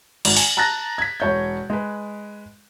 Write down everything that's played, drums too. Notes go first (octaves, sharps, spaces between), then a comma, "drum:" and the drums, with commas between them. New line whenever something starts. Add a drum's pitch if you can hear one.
G#1, drum: cymbal
G#5, drum: open hi-hat
A5 A#5 F#6 A6 A#6
G#6 B6
E1 C#5 G6
G#3 B4